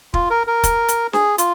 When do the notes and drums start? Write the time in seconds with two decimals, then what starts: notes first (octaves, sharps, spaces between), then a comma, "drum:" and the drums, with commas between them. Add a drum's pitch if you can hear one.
0.14 F4, drum: kick
0.30 A#4
0.47 A#4
0.63 drum: kick, hi-hat
0.88 drum: hi-hat
1.13 G#4, drum: snare
1.38 F4, drum: hi-hat